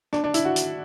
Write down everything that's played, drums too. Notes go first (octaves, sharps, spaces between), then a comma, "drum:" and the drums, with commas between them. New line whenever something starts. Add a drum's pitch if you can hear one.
D4, drum: rim click
D4
E4, drum: hi-hat
F#4
drum: hi-hat